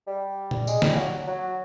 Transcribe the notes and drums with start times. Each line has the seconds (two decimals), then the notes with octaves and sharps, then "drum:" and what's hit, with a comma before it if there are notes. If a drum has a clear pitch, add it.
0.07 G3
0.51 drum: tom A#2
0.67 G#3, drum: tambourine
0.82 G3, drum: snare
0.96 F#3
1.27 F#3